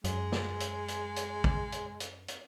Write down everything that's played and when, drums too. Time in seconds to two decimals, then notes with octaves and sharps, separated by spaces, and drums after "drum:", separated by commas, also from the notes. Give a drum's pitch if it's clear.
0.04 F#2 G#3, drum: hi-hat
0.32 drum: snare
0.60 drum: hi-hat
0.88 drum: hi-hat
1.16 drum: hi-hat
1.44 drum: kick
1.72 drum: hi-hat
2.00 drum: hi-hat
2.28 drum: hi-hat